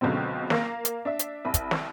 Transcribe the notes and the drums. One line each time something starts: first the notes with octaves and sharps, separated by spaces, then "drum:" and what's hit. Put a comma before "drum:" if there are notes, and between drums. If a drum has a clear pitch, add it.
C#2 B2 D3 F#3 C4
A#3 F5 A#6, drum: snare
drum: hi-hat
D4 E5
drum: hi-hat
C2 B5
drum: kick, hi-hat
drum: snare